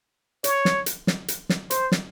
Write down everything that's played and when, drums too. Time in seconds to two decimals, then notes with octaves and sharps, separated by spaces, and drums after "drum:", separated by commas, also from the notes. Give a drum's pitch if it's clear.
0.44 C#5, drum: hi-hat
0.65 drum: snare
0.86 drum: hi-hat
1.07 drum: snare
1.28 drum: hi-hat
1.49 drum: snare
1.70 C5, drum: hi-hat
1.92 drum: snare